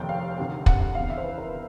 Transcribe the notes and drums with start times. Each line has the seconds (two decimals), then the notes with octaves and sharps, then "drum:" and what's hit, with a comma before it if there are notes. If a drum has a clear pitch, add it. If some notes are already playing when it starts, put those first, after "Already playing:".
Already playing: F1 D#2 D#3 G5
0.09 F5
0.38 D2 C3 D#3
0.66 F#5, drum: kick
0.80 F#5
0.95 E2 C#3 E3 F5
1.10 E5
1.18 C5
1.24 B4
1.38 A#4